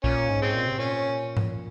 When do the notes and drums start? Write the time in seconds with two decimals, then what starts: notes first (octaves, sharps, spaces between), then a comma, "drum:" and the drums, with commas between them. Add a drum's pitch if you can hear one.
0.04 A#2 C#4, drum: kick
0.29 G#2
0.42 G#3 C4
0.55 A#2
0.67 C3
0.78 A#2 C#4
1.37 drum: tom G#2